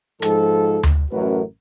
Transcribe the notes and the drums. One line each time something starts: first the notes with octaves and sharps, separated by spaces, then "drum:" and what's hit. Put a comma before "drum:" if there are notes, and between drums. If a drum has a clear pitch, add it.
G#2 F3 A4, drum: hi-hat
drum: tom D2
A1 F#2 A3 F#4 A#4 B4